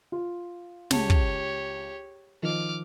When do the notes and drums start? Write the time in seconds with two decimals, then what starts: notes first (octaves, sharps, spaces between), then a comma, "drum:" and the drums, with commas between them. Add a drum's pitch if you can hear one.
0.12 F4
0.91 C#2 G4 C#5 A5, drum: snare
1.10 drum: kick
2.43 D#3 F3 D6 F6